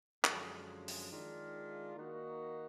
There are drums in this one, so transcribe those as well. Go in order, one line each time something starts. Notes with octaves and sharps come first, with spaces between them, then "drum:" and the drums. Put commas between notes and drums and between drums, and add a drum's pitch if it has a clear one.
F#2 D3 F3 G#3, drum: clap
drum: open hi-hat
D#3 G#3 D4 F4
D#3 A#3 D#4 F#4